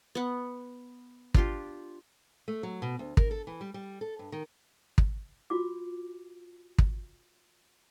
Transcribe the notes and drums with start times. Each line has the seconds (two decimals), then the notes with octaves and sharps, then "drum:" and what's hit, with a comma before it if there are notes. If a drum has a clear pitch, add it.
0.15 B3 F#5
1.34 D4 F4 G4, drum: kick
2.48 A3
2.63 F#3
2.82 B2
2.99 D2
3.17 A#4, drum: kick
3.31 A4
3.47 E3
3.61 G3
3.74 G3
4.01 A4
4.19 G2
4.32 D#3
4.98 drum: kick
5.50 F4 F#4 D6
6.78 drum: kick